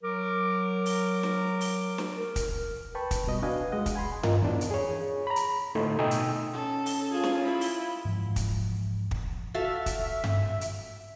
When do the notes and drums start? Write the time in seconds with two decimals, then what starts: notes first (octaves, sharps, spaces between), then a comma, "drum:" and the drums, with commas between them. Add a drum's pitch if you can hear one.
0.03 F#3 A#4 D6
0.86 drum: open hi-hat
1.23 drum: snare
1.61 drum: open hi-hat
1.98 drum: snare
2.16 A#4
2.36 drum: kick, hi-hat
2.95 B4 G5 A5 B5 C#6
3.11 drum: kick, hi-hat
3.27 B2 G3 D#5
3.42 D4 F#4 B4 D#5 F5 G#5
3.72 G#3 D#5 F#5
3.86 drum: kick, hi-hat
3.95 G#5 B5 C6
4.23 F4 A#4 D#5, drum: tom G2
4.42 E2 D4
4.61 drum: hi-hat
4.71 G#4 C#5
5.27 A#5 B5
5.36 drum: hi-hat
5.75 A2 D3 A3 D#4 A4 C6
5.99 B2 D#4 G5 G#5 D#6 E6
6.11 drum: hi-hat
6.53 C#4 A4
6.86 drum: open hi-hat
7.12 F4 G#4
7.23 drum: snare
7.42 E4 B5
7.61 drum: open hi-hat
8.05 G#2 E3 F3 G#3
8.36 drum: kick, hi-hat
9.11 drum: kick
9.54 F#4 A4 E5 F5
9.86 drum: kick, hi-hat
10.24 drum: tom G2
10.61 drum: hi-hat